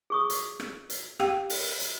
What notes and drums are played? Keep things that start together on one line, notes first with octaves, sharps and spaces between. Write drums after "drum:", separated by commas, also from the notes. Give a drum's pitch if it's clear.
G#4 C#6 D#6
drum: hi-hat
drum: rim click
drum: hi-hat
G4 F5 G5, drum: rim click
drum: open hi-hat
drum: hi-hat